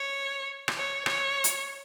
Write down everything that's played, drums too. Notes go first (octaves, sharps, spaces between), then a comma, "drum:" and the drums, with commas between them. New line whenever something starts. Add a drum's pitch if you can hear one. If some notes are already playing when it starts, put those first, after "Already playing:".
Already playing: C#5
drum: rim click
C#5
C#5, drum: rim click
drum: hi-hat